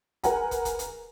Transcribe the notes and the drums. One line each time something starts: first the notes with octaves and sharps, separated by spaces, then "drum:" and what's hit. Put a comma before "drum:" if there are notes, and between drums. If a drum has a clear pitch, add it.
G#4 A#4 B4 F#5 G#5 A#5, drum: kick, hi-hat
drum: kick, hi-hat
drum: kick, hi-hat
drum: hi-hat